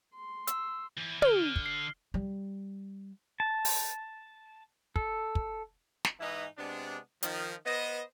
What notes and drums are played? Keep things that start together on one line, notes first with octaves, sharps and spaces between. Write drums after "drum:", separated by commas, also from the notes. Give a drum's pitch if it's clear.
C6
E6, drum: hi-hat
E2
D3 F6 G7, drum: tom
drum: kick
C7
G3
A5
drum: open hi-hat
A4, drum: kick
drum: kick
drum: snare
G#2 E3 D#4 E4 B4 D#5
C3 G#3 B3 D4
D#3 F3, drum: hi-hat
B3 B4 C5 D#5